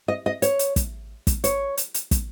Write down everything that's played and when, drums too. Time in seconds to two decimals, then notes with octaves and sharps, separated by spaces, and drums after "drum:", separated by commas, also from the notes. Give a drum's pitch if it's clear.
0.08 D#5
0.26 D#5
0.42 C#5, drum: hi-hat
0.59 drum: hi-hat
0.76 drum: kick, hi-hat
1.27 drum: kick, hi-hat
1.44 C#5, drum: hi-hat
1.77 drum: hi-hat
1.94 drum: hi-hat
2.11 drum: kick, hi-hat